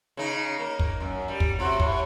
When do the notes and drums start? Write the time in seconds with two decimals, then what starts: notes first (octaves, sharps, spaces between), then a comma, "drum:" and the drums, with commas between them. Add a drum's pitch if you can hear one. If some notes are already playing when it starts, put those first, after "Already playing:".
0.17 C#3 D#4
0.59 A#3
0.79 drum: kick
1.00 F#2
1.28 G3
1.40 drum: kick
1.59 A2 C3 F#4
1.80 A2, drum: kick